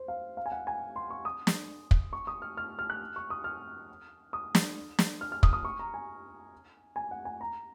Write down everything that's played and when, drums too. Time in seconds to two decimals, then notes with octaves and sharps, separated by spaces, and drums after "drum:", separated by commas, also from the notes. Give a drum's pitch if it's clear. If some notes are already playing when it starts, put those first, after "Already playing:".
Already playing: C5
0.08 F5
0.37 F5
0.46 G#5
0.52 F#5
0.67 G#5
0.96 C6
1.10 C#6
1.25 D#6
1.47 drum: snare
1.91 drum: kick
2.13 C#6
2.27 D#6
2.42 F6
2.57 F6
2.79 F6
2.90 F#6
3.16 C#6
3.30 D#6
3.44 F6
4.33 D#6
4.55 drum: snare
4.99 drum: snare
5.21 F6
5.32 F6
5.43 D#6, drum: kick
5.53 D#6
5.65 C#6
5.79 A#5
5.94 G#5
6.96 G#5
7.11 F#5
7.25 G#5
7.41 A#5